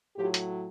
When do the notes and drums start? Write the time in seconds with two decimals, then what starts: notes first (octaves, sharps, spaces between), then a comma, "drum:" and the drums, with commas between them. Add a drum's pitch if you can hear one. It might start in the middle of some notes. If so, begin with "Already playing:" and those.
0.16 A2 F#3 F4 G4
0.34 drum: hi-hat